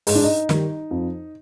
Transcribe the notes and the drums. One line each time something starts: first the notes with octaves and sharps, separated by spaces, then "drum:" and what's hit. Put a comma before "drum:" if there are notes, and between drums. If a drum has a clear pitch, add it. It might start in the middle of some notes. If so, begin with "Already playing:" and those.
G#2 D#4, drum: open hi-hat
D4
D#4
D#3 G3, drum: snare
F2